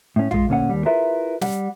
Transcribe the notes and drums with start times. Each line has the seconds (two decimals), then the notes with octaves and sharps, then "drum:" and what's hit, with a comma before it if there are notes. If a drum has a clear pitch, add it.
0.16 A2 C#4
0.31 G#3 F4, drum: tom A#1
0.49 D2 A#2 C#4 F#5
0.69 D#2 G3
0.85 E4 F4 G#4 A#4 B4 E5
1.41 G3 F#5, drum: snare